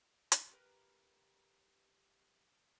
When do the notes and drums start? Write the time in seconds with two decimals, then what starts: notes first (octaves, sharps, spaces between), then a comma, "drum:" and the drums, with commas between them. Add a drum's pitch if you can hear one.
0.32 drum: hi-hat
0.51 G4 A#4 B4